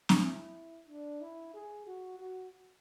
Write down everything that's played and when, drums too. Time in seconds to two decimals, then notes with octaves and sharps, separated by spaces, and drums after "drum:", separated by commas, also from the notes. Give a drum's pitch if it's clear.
0.09 drum: snare
0.22 E4
0.88 D4
1.21 E4
1.54 G#4
1.87 F#4
2.19 F#4